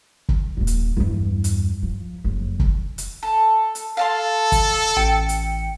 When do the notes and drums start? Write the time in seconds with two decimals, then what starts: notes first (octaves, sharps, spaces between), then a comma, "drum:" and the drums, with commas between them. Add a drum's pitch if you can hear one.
0.29 drum: kick
0.57 D#1 A#3
0.67 drum: hi-hat
0.97 E2 G2
1.44 drum: hi-hat
1.83 F3
2.24 F#1 F2
2.59 drum: kick
2.98 drum: hi-hat
3.23 A4
3.75 drum: hi-hat
3.97 A4 F5 A5 C6
4.52 drum: kick, hi-hat
4.97 A1 G5 C#7
5.29 drum: hi-hat